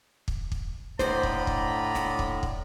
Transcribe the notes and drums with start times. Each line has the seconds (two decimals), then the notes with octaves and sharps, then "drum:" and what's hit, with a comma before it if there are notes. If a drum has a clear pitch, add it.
0.28 drum: kick
0.52 drum: kick
0.99 A2 D3 C5 D5 D#5 A#5 B5, drum: snare
1.23 drum: kick
1.47 drum: kick
1.95 drum: snare
2.19 drum: kick
2.43 drum: kick